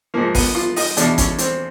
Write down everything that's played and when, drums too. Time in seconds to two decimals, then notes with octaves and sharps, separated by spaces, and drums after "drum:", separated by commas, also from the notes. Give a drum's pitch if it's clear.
0.14 G#2 F3 A#3
0.35 B3, drum: kick G#1, open hi-hat
0.55 F4
0.76 D#4, drum: open hi-hat
0.97 E2 B2 D4, drum: hi-hat
1.18 C#4, drum: kick G#1, hi-hat
1.38 C4, drum: hi-hat